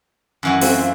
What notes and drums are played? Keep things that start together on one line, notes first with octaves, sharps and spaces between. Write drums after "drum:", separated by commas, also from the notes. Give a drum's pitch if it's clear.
F#2 E3 F#4
A3 C4 F4, drum: open hi-hat